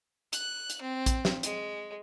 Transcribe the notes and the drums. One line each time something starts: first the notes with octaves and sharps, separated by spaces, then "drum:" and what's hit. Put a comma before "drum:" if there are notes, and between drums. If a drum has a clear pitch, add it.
F#6, drum: hi-hat
drum: hi-hat
C4
drum: kick A#1, hi-hat
drum: snare
G#3, drum: hi-hat